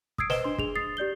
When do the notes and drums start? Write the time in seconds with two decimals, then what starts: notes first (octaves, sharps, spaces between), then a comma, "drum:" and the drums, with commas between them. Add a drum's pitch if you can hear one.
0.18 D#6 E6 G#6 C7 D7, drum: kick
0.30 B4 C5 D#5 E7 G7, drum: snare
0.44 D4 C6
0.58 D4 G#4 F7, drum: kick
0.76 D#6 A6 C7
0.97 G4 D5 G6 G7